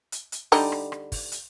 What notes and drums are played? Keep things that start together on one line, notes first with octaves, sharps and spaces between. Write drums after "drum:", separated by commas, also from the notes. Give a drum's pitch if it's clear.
drum: hi-hat
drum: hi-hat
D3 G3 D#4, drum: open hi-hat
drum: rim click
drum: rim click
drum: kick, open hi-hat
drum: hi-hat